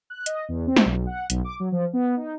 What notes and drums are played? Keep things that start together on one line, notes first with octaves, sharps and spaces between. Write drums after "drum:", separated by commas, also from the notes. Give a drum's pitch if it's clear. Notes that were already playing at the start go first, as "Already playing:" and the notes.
F#6
D#5, drum: hi-hat
E2
C4
drum: snare
B1
F#5
B1, drum: hi-hat
D6
F#3
F3
B3
D#4